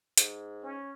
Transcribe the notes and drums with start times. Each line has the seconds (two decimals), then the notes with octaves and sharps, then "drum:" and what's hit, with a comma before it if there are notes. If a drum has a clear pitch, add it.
0.18 G#2, drum: hi-hat
0.63 C#4